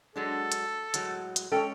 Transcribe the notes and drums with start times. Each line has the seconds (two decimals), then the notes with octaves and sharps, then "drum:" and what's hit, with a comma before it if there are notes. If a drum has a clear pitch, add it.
0.16 F#3 G#3 D4 A4
0.52 drum: hi-hat
0.94 A2 F#3 G#3, drum: hi-hat
1.36 drum: hi-hat
1.52 G#3 C#4 A4 C#5 G5